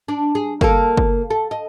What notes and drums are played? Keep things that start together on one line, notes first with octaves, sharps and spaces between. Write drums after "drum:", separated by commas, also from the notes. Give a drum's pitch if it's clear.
D4
G#4
A#3 A4, drum: kick
drum: kick
A4
D#5